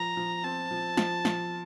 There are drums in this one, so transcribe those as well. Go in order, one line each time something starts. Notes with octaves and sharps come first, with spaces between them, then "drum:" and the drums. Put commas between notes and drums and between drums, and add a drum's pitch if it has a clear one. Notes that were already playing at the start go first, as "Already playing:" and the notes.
Already playing: F3 A#5
F3
C4 A5
F3
F3, drum: snare
F3, drum: snare